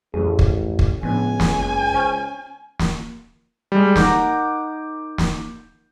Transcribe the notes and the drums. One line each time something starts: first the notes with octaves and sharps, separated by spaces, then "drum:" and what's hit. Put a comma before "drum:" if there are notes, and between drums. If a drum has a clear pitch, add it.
A1 F2 F#3 A3 G#4
drum: kick
drum: kick
C#2 A2 F3 B3 D4 G#5
drum: snare
F#1
C#4 C5 C#6 F6
drum: snare
G3 G#3
D#4 A#4 F#5 D6 G6, drum: snare
drum: snare